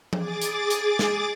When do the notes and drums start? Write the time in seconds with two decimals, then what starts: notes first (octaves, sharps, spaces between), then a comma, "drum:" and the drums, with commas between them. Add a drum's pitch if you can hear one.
0.13 G#4 D6 A6, drum: tom F3
0.42 drum: hi-hat
0.70 drum: hi-hat
0.99 drum: snare